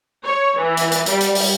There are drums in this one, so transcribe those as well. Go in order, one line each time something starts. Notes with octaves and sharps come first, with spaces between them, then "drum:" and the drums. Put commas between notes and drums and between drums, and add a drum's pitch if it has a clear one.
C#5
E3
drum: hi-hat
drum: hi-hat
G3, drum: hi-hat
drum: hi-hat
drum: open hi-hat